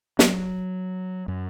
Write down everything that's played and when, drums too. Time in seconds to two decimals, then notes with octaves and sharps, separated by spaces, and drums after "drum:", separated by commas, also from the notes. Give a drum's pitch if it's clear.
0.19 F#3, drum: snare
1.28 F#2